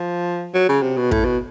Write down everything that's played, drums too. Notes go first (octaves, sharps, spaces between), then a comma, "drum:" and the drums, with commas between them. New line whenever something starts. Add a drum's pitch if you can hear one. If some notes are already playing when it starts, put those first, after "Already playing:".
Already playing: F3
F#3
C#3
C3
B2
A2, drum: kick
B2